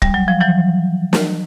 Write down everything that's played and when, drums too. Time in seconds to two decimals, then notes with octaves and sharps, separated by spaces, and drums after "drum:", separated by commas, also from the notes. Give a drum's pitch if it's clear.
0.02 G3, drum: kick
0.14 F#3
0.28 F3
0.41 E3 F#3
1.13 drum: snare